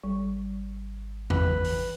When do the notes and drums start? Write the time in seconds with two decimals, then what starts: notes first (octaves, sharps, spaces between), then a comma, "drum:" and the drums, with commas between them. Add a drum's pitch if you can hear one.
0.04 G#1 G3
1.30 B4, drum: tom E2
1.64 drum: open hi-hat